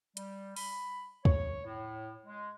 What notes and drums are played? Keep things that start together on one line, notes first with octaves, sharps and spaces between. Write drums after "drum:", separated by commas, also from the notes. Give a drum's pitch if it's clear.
G3, drum: hi-hat
B5, drum: open hi-hat
C#5, drum: kick
A2
G#3